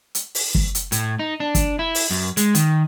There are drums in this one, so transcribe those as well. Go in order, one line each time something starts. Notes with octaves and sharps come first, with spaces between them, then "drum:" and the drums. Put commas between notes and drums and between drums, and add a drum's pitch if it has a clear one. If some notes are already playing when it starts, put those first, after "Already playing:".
drum: hi-hat
drum: open hi-hat
drum: kick
drum: hi-hat
A2, drum: hi-hat
D#4
D4
drum: kick, hi-hat
E4
drum: open hi-hat
F#2
G#3, drum: hi-hat
D#3, drum: hi-hat